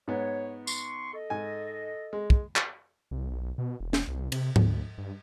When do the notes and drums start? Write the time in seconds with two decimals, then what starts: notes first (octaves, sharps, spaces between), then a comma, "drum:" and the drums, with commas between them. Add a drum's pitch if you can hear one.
0.08 G#2 B3 C#5
0.67 C6 C#6, drum: tambourine
1.14 A4 D#5
1.30 G#2 G#5
2.13 G#3
2.30 drum: kick
2.56 drum: clap
3.11 C2
3.31 B1
3.58 B2
3.80 E1
3.93 drum: snare
4.08 C2
4.32 C3, drum: cymbal
4.56 D2, drum: tom G#2
4.98 G2